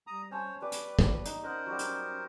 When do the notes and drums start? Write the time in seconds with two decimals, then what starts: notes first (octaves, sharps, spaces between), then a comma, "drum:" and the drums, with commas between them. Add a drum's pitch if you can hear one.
0.07 G3 A#5 D#6
0.31 C#4 C5 C#5 A5
0.62 G3 B4 D5 D6
0.72 drum: hi-hat
0.99 drum: kick
1.25 D#4, drum: hi-hat
1.43 C#4 A#4 C5 D#5 F#5
1.66 F#3 G3
1.79 drum: hi-hat